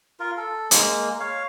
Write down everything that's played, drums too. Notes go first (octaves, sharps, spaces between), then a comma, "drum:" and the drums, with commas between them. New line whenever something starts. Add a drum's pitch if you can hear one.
F4 A#4
A4
G#3 A#3, drum: hi-hat
C#5 F5